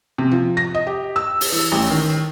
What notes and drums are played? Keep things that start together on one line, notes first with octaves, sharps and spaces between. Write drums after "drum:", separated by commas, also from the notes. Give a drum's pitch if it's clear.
C3
F3
A#6
D#5
G4
E6
drum: open hi-hat
E3
A1
D#3